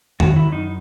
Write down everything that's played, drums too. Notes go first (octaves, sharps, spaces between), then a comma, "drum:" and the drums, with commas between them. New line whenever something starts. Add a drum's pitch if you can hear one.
D#3 F#4, drum: tom E2
E4
F#2
D#4